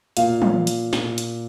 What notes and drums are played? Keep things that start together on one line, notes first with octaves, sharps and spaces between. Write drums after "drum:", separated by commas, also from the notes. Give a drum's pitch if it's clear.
A#2 F5, drum: hi-hat
drum: tom
drum: hi-hat
A#2, drum: snare
drum: hi-hat